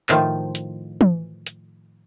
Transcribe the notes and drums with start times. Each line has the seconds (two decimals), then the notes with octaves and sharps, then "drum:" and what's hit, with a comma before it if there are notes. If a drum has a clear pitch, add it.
0.09 A2 D#3 F3, drum: clap
0.55 drum: hi-hat
1.01 drum: tom
1.47 drum: hi-hat